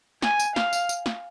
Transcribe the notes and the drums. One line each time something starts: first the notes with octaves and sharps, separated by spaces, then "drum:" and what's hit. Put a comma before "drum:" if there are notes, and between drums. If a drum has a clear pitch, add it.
G#5, drum: snare
drum: tambourine
F5, drum: snare
drum: tambourine
drum: tambourine
drum: snare